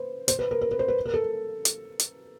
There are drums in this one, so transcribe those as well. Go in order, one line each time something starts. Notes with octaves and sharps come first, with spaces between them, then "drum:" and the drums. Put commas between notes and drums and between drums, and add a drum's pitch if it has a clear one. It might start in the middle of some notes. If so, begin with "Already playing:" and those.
Already playing: B4 C5
C5, drum: hi-hat
B4
A#4
A#4
B4
C5
B4
A#4
A4
drum: hi-hat
drum: hi-hat